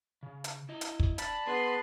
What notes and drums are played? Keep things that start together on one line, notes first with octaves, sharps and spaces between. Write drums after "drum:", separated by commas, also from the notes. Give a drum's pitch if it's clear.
C#3
drum: hi-hat
E4 D#5
drum: hi-hat
drum: kick
D4 A5 B5, drum: hi-hat
B3 G#4 B4 C6